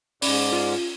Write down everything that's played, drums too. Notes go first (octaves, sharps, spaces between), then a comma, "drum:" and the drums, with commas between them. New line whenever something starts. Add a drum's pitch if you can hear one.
G#2 C#4 D5, drum: open hi-hat
F4